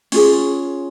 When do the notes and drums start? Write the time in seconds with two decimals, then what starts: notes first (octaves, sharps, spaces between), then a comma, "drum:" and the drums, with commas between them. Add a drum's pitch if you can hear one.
0.12 C#4 F4 G#4, drum: open hi-hat